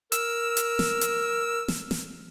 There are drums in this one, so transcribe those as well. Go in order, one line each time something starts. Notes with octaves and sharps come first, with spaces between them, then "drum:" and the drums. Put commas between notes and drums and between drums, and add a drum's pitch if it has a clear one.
A#4 E6, drum: hi-hat
drum: hi-hat
drum: snare
drum: hi-hat
drum: snare
drum: snare